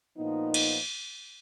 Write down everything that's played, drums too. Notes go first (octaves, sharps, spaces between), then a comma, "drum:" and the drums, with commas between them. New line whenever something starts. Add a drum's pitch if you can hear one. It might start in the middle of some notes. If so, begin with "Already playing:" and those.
A#2 F3 B3 D#4
drum: cymbal